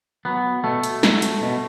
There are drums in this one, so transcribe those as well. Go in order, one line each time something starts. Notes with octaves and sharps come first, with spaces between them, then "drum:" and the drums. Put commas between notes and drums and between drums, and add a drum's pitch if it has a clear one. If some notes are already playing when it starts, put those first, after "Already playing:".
F#3 B3
B2 A3
drum: hi-hat
F#3, drum: snare
drum: hi-hat
B2